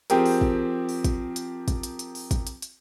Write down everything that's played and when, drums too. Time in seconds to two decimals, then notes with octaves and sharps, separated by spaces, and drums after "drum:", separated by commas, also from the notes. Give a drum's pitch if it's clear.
0.10 F3 C4 G4 G#4 A#4, drum: hi-hat
0.26 drum: open hi-hat
0.41 drum: kick
0.89 drum: open hi-hat
1.04 drum: kick, hi-hat
1.36 drum: hi-hat
1.68 drum: kick, hi-hat
1.83 drum: hi-hat
1.99 drum: hi-hat
2.15 drum: open hi-hat
2.31 drum: kick, hi-hat
2.47 drum: hi-hat
2.62 drum: hi-hat